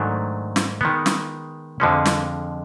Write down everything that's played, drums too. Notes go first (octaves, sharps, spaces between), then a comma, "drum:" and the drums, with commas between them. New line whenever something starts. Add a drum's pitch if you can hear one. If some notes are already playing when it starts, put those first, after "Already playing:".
Already playing: G#2 D#3 F#3 A3 D4
drum: snare
D#3 G#3 B3
drum: snare
F2 D3 F3 G#3 C#4
drum: snare